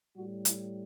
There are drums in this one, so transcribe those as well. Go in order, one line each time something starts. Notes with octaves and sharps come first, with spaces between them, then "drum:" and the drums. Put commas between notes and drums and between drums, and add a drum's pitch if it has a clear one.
A2 G3 F#4
E4, drum: hi-hat